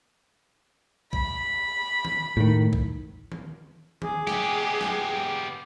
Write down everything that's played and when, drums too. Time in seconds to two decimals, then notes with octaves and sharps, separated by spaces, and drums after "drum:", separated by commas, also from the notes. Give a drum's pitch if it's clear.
1.13 B5, drum: kick
2.05 drum: tom D#3
2.37 A2 D#3
2.73 drum: kick
3.32 drum: tom D#3
4.02 G#4 D6, drum: tom D#3
4.27 B3 G4, drum: snare
4.81 drum: snare